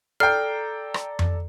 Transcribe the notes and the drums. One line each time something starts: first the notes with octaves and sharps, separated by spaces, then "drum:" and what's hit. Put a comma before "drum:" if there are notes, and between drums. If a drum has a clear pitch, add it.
A4 D5 G5 A#5 F6 C7
drum: rim click
drum: tom F2